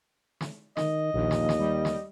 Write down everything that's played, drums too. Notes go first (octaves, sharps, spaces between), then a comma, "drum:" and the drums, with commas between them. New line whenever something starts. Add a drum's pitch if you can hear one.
drum: snare
D#3 D#5, drum: snare
A#1 D#2
drum: snare
drum: snare
G3
drum: snare